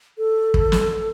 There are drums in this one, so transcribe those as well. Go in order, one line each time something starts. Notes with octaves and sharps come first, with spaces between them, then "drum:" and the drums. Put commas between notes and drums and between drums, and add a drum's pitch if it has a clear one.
A4
drum: kick
drum: snare